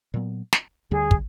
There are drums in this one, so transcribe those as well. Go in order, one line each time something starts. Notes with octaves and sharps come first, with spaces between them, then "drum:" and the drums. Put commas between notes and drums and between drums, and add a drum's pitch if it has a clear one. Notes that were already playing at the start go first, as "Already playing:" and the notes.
A#2 F#3 B3
drum: snare
D2 D3 G3 G#4
drum: kick